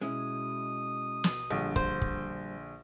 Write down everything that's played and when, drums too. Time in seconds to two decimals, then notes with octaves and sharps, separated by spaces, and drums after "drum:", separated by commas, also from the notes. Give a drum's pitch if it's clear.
0.01 B2 G#3 C#4 E4 D#6
1.24 drum: snare
1.50 A#1 D3 G3
1.76 C5, drum: kick
2.02 drum: kick